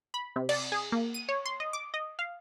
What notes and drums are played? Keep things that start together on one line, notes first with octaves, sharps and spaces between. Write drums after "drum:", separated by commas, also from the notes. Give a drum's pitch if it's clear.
B5
C3
D5, drum: cymbal
G#4
A#3
D#7
C#5
C6
D#5
D6
D#5
F5